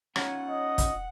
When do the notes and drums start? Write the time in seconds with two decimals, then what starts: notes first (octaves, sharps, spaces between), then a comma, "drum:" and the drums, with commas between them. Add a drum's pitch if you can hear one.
0.16 C#4 D#4 F4 C#5 F#5, drum: rim click
0.49 D#5
0.78 drum: kick, hi-hat